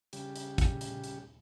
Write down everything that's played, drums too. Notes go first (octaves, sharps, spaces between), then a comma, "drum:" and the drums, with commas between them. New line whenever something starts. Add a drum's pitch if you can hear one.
C#3 G3 G4, drum: hi-hat
drum: hi-hat
drum: kick, hi-hat
drum: hi-hat
drum: hi-hat